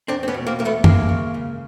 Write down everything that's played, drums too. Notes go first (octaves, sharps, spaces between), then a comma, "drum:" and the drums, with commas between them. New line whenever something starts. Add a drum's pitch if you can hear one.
E2 C4 D4
C4
B3 C#4
B2
A#3 C4
E2 A#3
A3 B3
E2 G#3 A#3, drum: tom
C#3
C#3